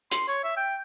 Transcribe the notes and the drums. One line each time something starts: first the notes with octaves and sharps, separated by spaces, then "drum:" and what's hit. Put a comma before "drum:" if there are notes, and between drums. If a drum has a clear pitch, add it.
C6, drum: hi-hat
C#5
E5
G5